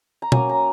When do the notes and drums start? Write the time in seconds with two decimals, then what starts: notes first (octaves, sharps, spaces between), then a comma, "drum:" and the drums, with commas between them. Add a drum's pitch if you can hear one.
0.22 A#5
0.32 F#3 A#3 C#4 G#5, drum: tom
0.49 A#5